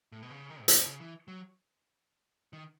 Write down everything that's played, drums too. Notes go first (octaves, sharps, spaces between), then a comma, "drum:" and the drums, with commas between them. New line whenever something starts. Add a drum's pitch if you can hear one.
A2
B2
C#3
D#3
G#2
A2, drum: hi-hat
B2
C#3
E3
F#3
D#3